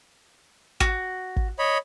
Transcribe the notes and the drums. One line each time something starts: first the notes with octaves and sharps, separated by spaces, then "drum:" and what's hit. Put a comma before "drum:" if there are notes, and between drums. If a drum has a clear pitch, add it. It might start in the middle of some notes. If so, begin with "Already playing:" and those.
F#4, drum: kick
drum: kick
C#5 D#5 B5